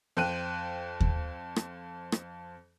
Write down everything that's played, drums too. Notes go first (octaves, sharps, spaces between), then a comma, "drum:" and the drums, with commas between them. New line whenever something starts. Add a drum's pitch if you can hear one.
F2 C5 G5 F#6 D#7
drum: kick D#2
drum: rim click
drum: rim click